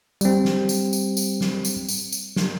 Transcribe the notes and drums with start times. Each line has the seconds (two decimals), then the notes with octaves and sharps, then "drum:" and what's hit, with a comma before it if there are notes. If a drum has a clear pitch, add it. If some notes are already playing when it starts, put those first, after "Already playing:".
0.21 G3 C4, drum: tambourine
0.45 drum: snare
0.69 drum: tambourine
0.93 drum: tambourine
1.17 drum: tambourine
1.41 drum: snare
1.65 drum: tambourine
1.89 drum: tambourine
2.12 drum: tambourine
2.36 drum: snare